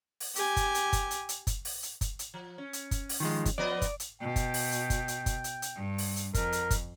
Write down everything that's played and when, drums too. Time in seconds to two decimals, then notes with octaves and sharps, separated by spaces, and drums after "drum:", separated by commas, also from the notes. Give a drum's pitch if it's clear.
0.20 drum: open hi-hat
0.36 G4 G#5, drum: hi-hat
0.56 drum: kick F#1, hi-hat
0.75 drum: hi-hat
0.93 drum: kick F#1, hi-hat
1.11 drum: hi-hat
1.29 drum: hi-hat
1.47 drum: kick F#1, hi-hat
1.65 drum: open hi-hat
1.83 drum: hi-hat
2.01 drum: kick F#1, hi-hat
2.19 drum: hi-hat
2.34 F3
2.58 C#4
2.73 drum: hi-hat
2.91 drum: kick F#1, hi-hat
3.09 drum: open hi-hat
3.20 D#3 F3 G#3
3.45 drum: kick F#1, hi-hat
3.58 F3 B3 D5 D#5
3.82 drum: kick F#1, hi-hat
4.00 drum: hi-hat
4.21 B2 G5
4.36 drum: kick F#1, hi-hat
4.54 drum: open hi-hat
4.72 drum: hi-hat
4.90 drum: kick F#1, hi-hat
5.08 drum: hi-hat
5.26 drum: kick F#1, hi-hat
5.44 drum: hi-hat
5.62 drum: hi-hat
5.76 G2
5.98 drum: open hi-hat
6.16 drum: hi-hat
6.34 F2 A#4, drum: kick F#1, hi-hat
6.52 drum: hi-hat
6.71 drum: kick F#1, hi-hat